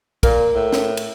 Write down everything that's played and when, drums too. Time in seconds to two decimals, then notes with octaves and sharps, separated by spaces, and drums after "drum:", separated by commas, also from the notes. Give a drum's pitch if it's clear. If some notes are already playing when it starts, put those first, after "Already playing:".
0.23 A#2 A#4, drum: kick, cymbal
0.54 A2
0.73 drum: snare
0.97 drum: cymbal